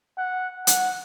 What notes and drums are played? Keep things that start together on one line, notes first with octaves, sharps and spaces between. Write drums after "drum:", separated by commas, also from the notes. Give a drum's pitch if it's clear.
F#5
F#5, drum: hi-hat